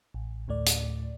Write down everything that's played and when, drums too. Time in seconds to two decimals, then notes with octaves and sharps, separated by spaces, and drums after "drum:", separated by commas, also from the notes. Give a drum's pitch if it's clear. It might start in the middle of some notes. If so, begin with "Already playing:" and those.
0.14 A1
0.48 D2 A2 A3 D5
0.66 drum: hi-hat